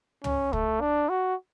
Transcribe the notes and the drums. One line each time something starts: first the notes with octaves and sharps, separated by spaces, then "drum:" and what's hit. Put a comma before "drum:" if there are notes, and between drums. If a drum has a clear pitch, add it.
C#4, drum: tom
A3, drum: kick
D4
F#4